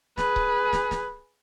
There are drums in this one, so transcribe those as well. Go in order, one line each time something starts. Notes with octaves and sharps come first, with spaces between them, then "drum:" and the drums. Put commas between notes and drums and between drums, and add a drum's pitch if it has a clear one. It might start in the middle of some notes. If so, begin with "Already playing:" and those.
G#4 B4, drum: snare
drum: kick C#1
drum: snare
drum: snare